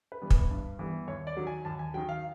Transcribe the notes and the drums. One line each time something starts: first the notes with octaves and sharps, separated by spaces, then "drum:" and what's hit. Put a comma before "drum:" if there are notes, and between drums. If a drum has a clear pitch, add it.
B4
E3 G3 B3
B4, drum: kick
G2
E3 G3 B3
D#2 C#5
D5
D#3 F#3
G#5
D#2 A5
G#5
D#3 F#3 G5
F5